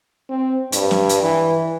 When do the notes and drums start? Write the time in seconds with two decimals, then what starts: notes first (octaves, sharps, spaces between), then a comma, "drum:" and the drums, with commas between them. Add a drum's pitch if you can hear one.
0.29 C4
0.72 G2, drum: hi-hat
0.91 drum: snare
1.09 drum: hi-hat
1.23 E3